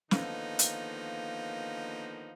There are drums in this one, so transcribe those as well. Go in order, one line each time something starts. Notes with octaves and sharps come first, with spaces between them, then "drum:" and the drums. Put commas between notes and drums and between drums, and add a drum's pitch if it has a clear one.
D3 D#3 F3 A#3 B3 D#4, drum: snare
drum: hi-hat